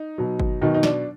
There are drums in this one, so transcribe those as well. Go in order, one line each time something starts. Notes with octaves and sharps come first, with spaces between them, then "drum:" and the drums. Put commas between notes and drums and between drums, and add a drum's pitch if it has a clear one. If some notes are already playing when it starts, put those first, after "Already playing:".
Already playing: D#4
B2 F#3
drum: kick G1
B2 D#3 F#3 D#4
D#4
D4, drum: snare